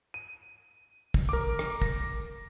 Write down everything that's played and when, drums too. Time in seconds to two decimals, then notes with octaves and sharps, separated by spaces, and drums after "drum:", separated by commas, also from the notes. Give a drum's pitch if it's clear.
0.14 D#7
1.14 drum: kick
1.29 A#4 D6
1.59 drum: rim click
1.82 A#6, drum: kick